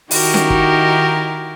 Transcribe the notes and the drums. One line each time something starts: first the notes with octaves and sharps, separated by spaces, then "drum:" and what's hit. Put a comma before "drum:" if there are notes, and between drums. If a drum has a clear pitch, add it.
D#3 D#4 E4 F#4 G4 A#4, drum: open hi-hat
drum: snare C#4
drum: kick